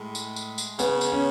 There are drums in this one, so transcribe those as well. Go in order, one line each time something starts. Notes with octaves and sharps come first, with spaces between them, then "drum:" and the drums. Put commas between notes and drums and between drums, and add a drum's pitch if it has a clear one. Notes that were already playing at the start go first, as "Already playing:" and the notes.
Already playing: A2 G#3
drum: tambourine
drum: tambourine
drum: tambourine
C#3 B3, drum: tambourine
drum: tambourine
C#4